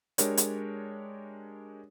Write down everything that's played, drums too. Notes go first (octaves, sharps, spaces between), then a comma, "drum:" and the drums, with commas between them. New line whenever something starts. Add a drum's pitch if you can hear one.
G#3 D4 G4 A#4 C#5, drum: hi-hat
drum: hi-hat